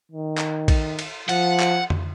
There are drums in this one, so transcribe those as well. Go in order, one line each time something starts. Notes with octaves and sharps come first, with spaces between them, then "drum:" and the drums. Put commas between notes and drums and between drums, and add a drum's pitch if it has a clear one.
D#3
drum: clap
drum: kick A#1, cymbal
drum: cymbal
F3 F#5, drum: cymbal
drum: clap
drum: tom F2